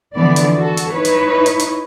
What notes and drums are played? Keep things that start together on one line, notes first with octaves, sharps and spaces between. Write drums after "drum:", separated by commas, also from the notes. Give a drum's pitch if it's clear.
D3 E3 F3 B3 D5
drum: hi-hat
F#4 A4
drum: hi-hat
D#4 E4 B4 C#5
drum: hi-hat
drum: hi-hat
drum: hi-hat